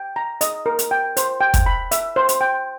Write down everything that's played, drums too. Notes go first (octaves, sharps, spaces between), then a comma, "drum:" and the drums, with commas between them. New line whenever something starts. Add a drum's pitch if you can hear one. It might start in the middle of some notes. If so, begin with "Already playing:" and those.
Already playing: G5
A#5
D#5, drum: hi-hat
A#4
drum: hi-hat
G5
C5, drum: hi-hat
G5
drum: kick, hi-hat
B5
E5, drum: hi-hat
C5
drum: hi-hat
G5